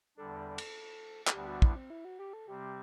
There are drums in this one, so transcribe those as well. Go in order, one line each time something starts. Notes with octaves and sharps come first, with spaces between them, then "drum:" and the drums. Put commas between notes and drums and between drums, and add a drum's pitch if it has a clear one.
E2 D3 G3 D4 A4
drum: cymbal
A4, drum: clap
D2 D3 G3 B3 D4 G4
F#4
E4, drum: kick
C4
E4
F#4
G4
A4
C3 G3 C4 G4